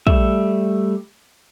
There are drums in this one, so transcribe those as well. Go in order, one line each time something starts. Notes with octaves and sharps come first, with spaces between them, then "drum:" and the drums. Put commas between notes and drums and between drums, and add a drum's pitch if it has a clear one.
G3 A3 E5, drum: kick